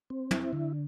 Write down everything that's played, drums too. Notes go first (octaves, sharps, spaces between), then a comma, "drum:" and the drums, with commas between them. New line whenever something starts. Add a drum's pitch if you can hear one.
C4
E4, drum: tom
D3